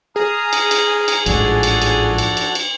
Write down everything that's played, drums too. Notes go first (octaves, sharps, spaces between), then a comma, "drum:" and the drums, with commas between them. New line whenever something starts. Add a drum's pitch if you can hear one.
G#4 A#5 D#6 F6
drum: cymbal
drum: cymbal
drum: cymbal
A1 G#2 F3 D4 F#4 A4, drum: cymbal
drum: cymbal
drum: cymbal
drum: cymbal
drum: cymbal
drum: cymbal